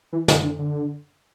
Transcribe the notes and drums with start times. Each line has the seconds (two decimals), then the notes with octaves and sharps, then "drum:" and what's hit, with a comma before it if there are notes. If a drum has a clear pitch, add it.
0.13 E3
0.28 D3, drum: snare
0.43 D3
0.59 D3